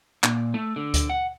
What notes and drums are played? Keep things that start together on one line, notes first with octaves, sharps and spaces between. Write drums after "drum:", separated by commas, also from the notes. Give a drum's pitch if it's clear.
A#2, drum: clap
A3
D3
drum: kick D2, hi-hat
F#5